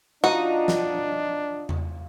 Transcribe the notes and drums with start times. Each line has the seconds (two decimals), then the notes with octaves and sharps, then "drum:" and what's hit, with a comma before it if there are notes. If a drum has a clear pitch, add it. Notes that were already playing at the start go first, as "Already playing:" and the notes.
0.24 F3 D4 D#4 F#4
0.68 drum: snare
1.69 drum: tom E2